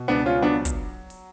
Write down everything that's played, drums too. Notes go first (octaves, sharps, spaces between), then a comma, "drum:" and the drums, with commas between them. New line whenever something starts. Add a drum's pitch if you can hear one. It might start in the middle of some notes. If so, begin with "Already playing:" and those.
Already playing: B2
C#2 B3 D4
C#4 F4
F#3 B3 D4
drum: kick, hi-hat
drum: open hi-hat